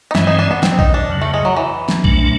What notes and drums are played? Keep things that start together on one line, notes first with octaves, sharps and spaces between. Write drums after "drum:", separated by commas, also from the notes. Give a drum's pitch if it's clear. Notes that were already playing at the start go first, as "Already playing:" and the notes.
D#4
G2 E3 G#3 C4 E4, drum: snare
D#4
D4
B3
C4, drum: snare
D#4, drum: kick
D4
F2 C#3 F#3
A3
G#3
F#3
E3
drum: snare
C2 A#2 F#3 A3 D4, drum: kick